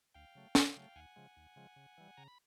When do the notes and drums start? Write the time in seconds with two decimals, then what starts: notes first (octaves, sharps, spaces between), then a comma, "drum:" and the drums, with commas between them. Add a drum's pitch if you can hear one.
0.15 D2 F5 G5
0.35 C#3 F#3 A3
0.55 D2, drum: snare
0.76 C#3 F#3 A3
0.96 D#2 F#5 G#5
1.16 C#3 F3 G#3
1.37 D#2
1.56 C#3 F3 G#3
1.76 C#3
1.98 E3 G3
2.17 C#3 A#5
2.28 B5